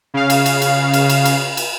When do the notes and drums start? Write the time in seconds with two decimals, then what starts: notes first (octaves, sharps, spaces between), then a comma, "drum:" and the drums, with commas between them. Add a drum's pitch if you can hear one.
0.14 C#3 F5
0.30 drum: cymbal
0.46 drum: cymbal
0.62 drum: cymbal
0.94 drum: cymbal
1.09 drum: cymbal
1.25 drum: cymbal
1.57 drum: cymbal